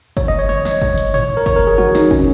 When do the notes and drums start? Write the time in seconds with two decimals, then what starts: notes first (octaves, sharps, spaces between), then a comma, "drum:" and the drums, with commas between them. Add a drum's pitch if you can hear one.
0.17 C#5, drum: kick
0.28 D#5
0.39 C#5
0.49 C#5, drum: tom D3
0.65 drum: snare
0.81 drum: kick
0.98 drum: hi-hat
1.14 C#5, drum: tom G#2
1.37 A#4
1.46 C#5, drum: kick
1.56 A#4
1.67 G#4
1.78 F#4, drum: tom D#3
1.95 D#4, drum: snare
2.11 C#4, drum: kick